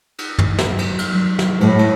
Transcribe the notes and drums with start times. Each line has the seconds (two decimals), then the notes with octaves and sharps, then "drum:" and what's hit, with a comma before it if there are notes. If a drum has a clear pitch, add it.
0.18 drum: cymbal
0.38 drum: tom
0.59 F#3, drum: snare
0.79 drum: cymbal
0.99 drum: cymbal
1.14 F#3
1.39 drum: snare
1.61 A2 B4, drum: cymbal
1.79 drum: cymbal